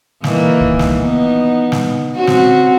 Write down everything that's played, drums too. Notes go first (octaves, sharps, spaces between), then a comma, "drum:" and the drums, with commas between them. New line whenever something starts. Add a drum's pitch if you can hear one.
D#3 E3 A#3, drum: snare
drum: kick C2
drum: snare
B3 D#4
drum: snare
C4 C#4 F#4
drum: snare